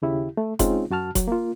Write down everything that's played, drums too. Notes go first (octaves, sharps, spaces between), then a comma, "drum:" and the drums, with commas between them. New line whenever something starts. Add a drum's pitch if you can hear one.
D#2 C#3 E4 G4
A3
G#3 C4 C#4 D#4 F4 G#4, drum: kick F1, hi-hat
F#2 F#4 A5 F6
F#3, drum: kick F1, hi-hat
A#3 F4